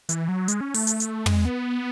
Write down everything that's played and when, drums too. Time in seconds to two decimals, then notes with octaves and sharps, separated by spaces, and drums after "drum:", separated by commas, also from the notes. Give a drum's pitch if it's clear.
0.09 E3, drum: hi-hat
0.29 F#3
0.48 G#3, drum: hi-hat
0.61 C#4
0.74 A3, drum: open hi-hat
0.87 drum: hi-hat
1.00 drum: hi-hat
1.26 G#3, drum: tom
1.45 B3